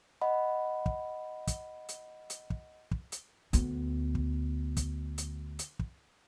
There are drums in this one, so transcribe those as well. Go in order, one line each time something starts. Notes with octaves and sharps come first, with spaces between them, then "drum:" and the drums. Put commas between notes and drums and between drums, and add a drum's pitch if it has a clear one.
D#5 F#5 B5
drum: kick
drum: kick, hi-hat
drum: hi-hat
drum: hi-hat
drum: kick
drum: kick
drum: hi-hat
D2 B3, drum: hi-hat
drum: kick
drum: kick, hi-hat
drum: hi-hat
drum: hi-hat
drum: kick